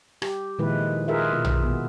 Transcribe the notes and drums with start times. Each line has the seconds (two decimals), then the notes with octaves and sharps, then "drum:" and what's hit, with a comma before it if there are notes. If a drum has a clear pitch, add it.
0.22 G4, drum: rim click
0.59 A#2 D#3 F3 G#3 E4 B4
1.08 F4 G#4 A#4 B4 E5
1.33 B2 F4
1.45 drum: tom
1.61 B2 B3